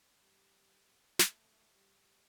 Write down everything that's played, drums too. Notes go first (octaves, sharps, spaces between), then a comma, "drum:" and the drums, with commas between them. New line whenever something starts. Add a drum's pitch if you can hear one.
G3
A3, drum: snare
G3